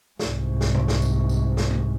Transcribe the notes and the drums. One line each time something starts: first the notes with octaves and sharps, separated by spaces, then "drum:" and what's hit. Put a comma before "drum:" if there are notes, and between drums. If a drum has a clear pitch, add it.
C2 G#2, drum: snare
drum: snare
drum: tom A#2
drum: snare
drum: tambourine
drum: tambourine
drum: snare
drum: tom C3